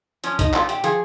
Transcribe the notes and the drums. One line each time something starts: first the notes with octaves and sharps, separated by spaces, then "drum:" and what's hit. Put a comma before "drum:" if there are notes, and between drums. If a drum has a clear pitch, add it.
F3 C#4, drum: hi-hat
D#4, drum: kick, hi-hat
A#2 F4, drum: clap
G4, drum: hi-hat
F3 G#4, drum: hi-hat